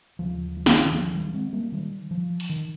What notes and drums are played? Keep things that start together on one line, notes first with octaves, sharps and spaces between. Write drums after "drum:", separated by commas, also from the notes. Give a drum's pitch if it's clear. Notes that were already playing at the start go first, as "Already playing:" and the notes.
D#2 C#3 F3
F3
D#3, drum: snare
D#3
F3
D#3 G3
G#3 C4
G3 A#3
D#3 G3
F3
drum: open hi-hat
D#3